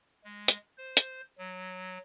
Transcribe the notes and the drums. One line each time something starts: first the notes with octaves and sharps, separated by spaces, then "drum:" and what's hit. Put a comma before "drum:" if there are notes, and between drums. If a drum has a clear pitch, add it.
G#3
drum: hi-hat
C5
drum: hi-hat
F#3